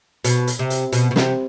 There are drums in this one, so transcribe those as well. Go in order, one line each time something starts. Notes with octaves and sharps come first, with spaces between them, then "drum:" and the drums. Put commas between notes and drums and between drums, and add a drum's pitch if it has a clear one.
B2, drum: hi-hat
drum: hi-hat
C3
drum: hi-hat
B2, drum: hi-hat
B2
C3, drum: snare